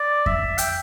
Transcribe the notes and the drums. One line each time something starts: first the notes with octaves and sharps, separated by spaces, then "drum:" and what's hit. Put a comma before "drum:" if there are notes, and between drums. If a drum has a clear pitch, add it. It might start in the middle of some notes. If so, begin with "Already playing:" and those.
Already playing: D5
E5, drum: kick F2
G5, drum: hi-hat